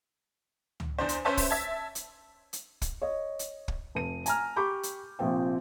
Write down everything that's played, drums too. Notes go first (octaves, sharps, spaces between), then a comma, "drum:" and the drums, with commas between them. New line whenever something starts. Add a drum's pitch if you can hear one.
drum: tom C#2
E2 D4 C5
drum: hi-hat
C#4 B4 C5 E5 A5
drum: kick, open hi-hat
E5 A5 G#6
drum: hi-hat
drum: hi-hat
drum: kick, hi-hat
C#5 D#5
drum: hi-hat
drum: kick
F1 D#7
G#5 A#5 F6, drum: hi-hat
G4 B5 C#6 D6 G6
drum: hi-hat
A#1 C3 F3 C4 G5